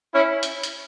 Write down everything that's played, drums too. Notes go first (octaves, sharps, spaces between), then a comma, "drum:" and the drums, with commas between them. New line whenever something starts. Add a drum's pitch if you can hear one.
C#4 E4
drum: hi-hat
drum: hi-hat